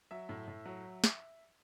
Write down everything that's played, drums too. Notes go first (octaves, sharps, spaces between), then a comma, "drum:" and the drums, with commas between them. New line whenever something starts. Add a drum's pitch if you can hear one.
F#3 E5
A2
A2
F#3
drum: snare